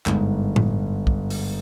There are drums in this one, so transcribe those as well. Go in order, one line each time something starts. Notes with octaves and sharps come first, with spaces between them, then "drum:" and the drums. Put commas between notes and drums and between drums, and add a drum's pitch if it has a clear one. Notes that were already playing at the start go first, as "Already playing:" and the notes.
G1 G#2, drum: clap
drum: tom A2
drum: kick
drum: open hi-hat